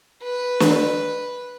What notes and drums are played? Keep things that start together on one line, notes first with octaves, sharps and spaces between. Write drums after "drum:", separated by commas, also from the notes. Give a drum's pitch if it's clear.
B4
drum: snare